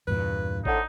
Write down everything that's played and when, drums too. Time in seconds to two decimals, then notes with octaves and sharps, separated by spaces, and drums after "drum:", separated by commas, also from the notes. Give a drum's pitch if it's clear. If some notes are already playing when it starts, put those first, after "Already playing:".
0.07 E2 G2 A#2 B4
0.65 F2 A2 D3 D#4, drum: kick G#1